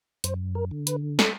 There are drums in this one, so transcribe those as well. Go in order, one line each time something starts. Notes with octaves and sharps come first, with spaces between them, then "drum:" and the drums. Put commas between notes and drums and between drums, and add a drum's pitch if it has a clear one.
F#2 C5, drum: hi-hat
A#4
D3
B4, drum: hi-hat
A4, drum: snare